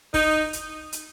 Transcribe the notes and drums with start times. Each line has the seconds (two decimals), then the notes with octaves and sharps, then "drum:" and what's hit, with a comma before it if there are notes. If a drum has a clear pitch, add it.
0.14 D#4, drum: kick, open hi-hat
0.53 drum: hi-hat
0.92 drum: hi-hat